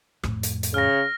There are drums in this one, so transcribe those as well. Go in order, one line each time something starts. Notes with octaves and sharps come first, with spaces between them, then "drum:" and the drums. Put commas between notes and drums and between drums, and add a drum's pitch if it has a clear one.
F2 A2, drum: rim click
drum: hi-hat
drum: hi-hat
C#3 F6 A#6